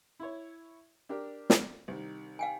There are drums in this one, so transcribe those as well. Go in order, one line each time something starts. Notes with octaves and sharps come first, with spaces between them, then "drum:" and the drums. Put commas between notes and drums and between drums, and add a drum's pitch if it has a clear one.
E4 C#5
D4 G4 A#4
drum: snare
C2 D#3
F5 G5 G#5